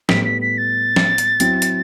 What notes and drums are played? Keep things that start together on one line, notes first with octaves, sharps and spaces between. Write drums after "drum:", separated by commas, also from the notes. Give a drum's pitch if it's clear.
A2 G3 B3 B6, drum: snare
B6
B6
A6
drum: snare
drum: hi-hat
F#3 C4 E4, drum: hi-hat
drum: hi-hat